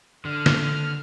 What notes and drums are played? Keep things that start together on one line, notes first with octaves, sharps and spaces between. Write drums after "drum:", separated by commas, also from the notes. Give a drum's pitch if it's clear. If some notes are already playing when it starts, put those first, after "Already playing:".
D3 F6
drum: snare